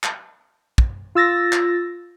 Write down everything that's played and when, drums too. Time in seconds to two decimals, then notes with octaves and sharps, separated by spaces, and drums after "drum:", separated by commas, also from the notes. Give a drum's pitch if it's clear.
0.04 drum: clap
0.78 drum: kick
1.15 F4 E6 A6 A#6
1.53 drum: clap